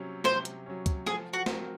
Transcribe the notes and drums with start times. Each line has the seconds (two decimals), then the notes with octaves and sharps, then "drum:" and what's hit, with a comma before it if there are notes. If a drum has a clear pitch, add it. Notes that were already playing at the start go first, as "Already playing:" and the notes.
Already playing: C3 F#3 C#4
0.24 C3 C5, drum: snare
0.45 drum: hi-hat
0.66 F#3 C#4
0.86 drum: kick, hi-hat
1.06 F3 G#4, drum: snare
1.33 F#4
1.46 C4 F#4 A#4, drum: snare